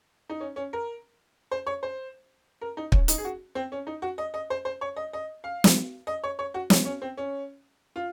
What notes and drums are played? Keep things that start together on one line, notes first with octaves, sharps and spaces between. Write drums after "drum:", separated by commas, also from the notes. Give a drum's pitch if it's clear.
D#4
C#4
C#4
A#4
C5
C#5
C5
A#4
D#4
C#4, drum: kick
D#4, drum: hi-hat
G#4
F#4
C4
C#4
D#4
F#4
D#5
D#5
C5
C5
C#5
D#5
D#5
F5
drum: snare
D#5
C#5
C#5
F#4
C#4, drum: snare
C#4
C4
C#4
F4